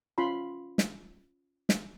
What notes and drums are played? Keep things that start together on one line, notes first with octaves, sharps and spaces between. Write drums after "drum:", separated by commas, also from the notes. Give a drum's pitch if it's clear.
C#4 F4 B5 C6
drum: snare
drum: snare